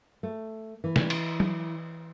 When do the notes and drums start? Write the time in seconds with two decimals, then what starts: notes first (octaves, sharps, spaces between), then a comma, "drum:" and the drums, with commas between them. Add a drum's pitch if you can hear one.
0.23 A3
0.84 E3
0.96 drum: snare
1.10 drum: cymbal
1.40 drum: tom F#3